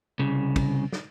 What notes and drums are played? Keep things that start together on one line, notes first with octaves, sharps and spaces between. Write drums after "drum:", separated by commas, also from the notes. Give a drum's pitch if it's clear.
C2 C#3
drum: kick, cymbal
drum: snare